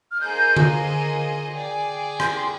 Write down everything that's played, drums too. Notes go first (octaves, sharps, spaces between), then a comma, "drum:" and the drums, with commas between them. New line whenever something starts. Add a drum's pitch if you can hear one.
F6
A#3 D#4 G#4 C5 D#5 G6
drum: tom D3
G#4 D5 G5
G6, drum: rim click
C6